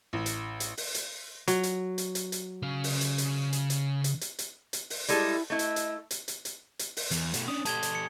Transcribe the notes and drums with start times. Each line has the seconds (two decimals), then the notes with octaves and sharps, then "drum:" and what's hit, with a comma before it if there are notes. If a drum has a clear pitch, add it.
0.13 A1
0.26 drum: hi-hat
0.60 drum: hi-hat
0.77 drum: open hi-hat
0.95 drum: hi-hat
1.48 F#3, drum: hi-hat
1.63 drum: hi-hat
1.98 drum: hi-hat
2.15 drum: hi-hat
2.32 drum: hi-hat
2.63 C#3 F5
2.84 drum: open hi-hat
3.01 drum: hi-hat
3.18 drum: hi-hat
3.53 drum: hi-hat
3.70 drum: hi-hat
4.04 drum: hi-hat
4.21 drum: hi-hat
4.39 drum: hi-hat
4.73 drum: hi-hat
4.90 drum: open hi-hat
5.08 G3 G#3 E4 A4, drum: hi-hat
5.50 A3 E4 D#5
5.59 drum: hi-hat
5.76 drum: hi-hat
6.11 drum: hi-hat
6.28 drum: hi-hat
6.45 drum: hi-hat
6.79 drum: hi-hat
6.97 drum: open hi-hat
7.11 E2, drum: hi-hat
7.34 B2 A3, drum: hi-hat
7.48 C#4 D4 D#6
7.65 A3 G4 A5 G#6 G7, drum: hi-hat
7.83 drum: hi-hat
7.95 C#7